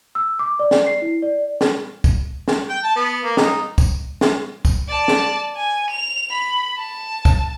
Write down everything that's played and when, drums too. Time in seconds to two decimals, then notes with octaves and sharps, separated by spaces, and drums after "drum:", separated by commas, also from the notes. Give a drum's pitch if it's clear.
0.15 E6
0.39 D6
0.59 D5
0.71 D5, drum: snare
0.87 C7
1.02 E4
1.22 D5
1.61 drum: snare
2.04 drum: kick, tambourine
2.48 drum: snare
2.69 G5
2.83 A5
2.96 B3
3.23 A#3
3.37 D#4, drum: snare
3.78 drum: kick, tambourine
4.21 drum: snare
4.65 drum: kick, tambourine
4.88 D5 A5
5.08 drum: snare
5.57 G#5
5.90 F7
6.31 B5
6.78 A5
7.25 drum: kick, tambourine